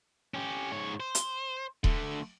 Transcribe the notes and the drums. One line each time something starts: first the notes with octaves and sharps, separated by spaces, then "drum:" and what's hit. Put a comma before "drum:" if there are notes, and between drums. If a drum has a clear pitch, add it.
C#4 G4
G#2 C#5
C5
drum: hi-hat
D3 A3, drum: kick D#1